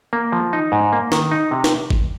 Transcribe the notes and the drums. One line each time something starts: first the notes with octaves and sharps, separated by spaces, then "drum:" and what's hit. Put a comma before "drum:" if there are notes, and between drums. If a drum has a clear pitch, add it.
A#3
F3
D#4
G#2
A#3
D#3, drum: snare
D#4
C3
drum: snare
drum: kick G1